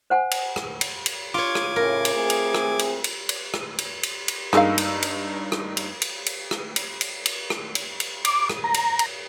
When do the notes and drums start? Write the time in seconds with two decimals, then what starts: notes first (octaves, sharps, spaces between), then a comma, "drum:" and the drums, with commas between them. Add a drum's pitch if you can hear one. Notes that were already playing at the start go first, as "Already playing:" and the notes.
0.10 C5 F#5 G#5
0.31 drum: cymbal
0.56 drum: rim click
0.81 drum: cymbal
1.06 drum: cymbal
1.34 F4 C#5 D6 G#6
1.55 drum: rim click
1.76 A2 C#3 A#4
2.05 drum: cymbal
2.15 A3 C4 G#4
2.30 drum: cymbal
2.55 drum: rim click
2.79 drum: cymbal
3.04 drum: cymbal
3.29 drum: cymbal
3.54 drum: rim click
3.78 drum: cymbal
4.03 drum: cymbal
4.28 drum: cymbal
4.53 G2 G#3 A#3 D#4 F5 E6, drum: rim click
4.78 drum: cymbal
5.02 drum: cymbal
5.52 drum: rim click
5.77 drum: cymbal
6.02 drum: cymbal
6.26 drum: cymbal
6.51 drum: rim click
6.76 drum: cymbal
7.01 drum: cymbal
7.26 drum: cymbal
7.50 drum: rim click
7.75 drum: cymbal
8.00 drum: cymbal
8.25 D6, drum: cymbal
8.50 drum: rim click
8.64 A#5
8.74 drum: cymbal
8.99 drum: cymbal